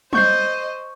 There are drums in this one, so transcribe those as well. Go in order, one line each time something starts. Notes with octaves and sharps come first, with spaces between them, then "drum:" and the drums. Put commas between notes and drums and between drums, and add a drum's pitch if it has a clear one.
C5 D#5 C#6 G6 C7, drum: tom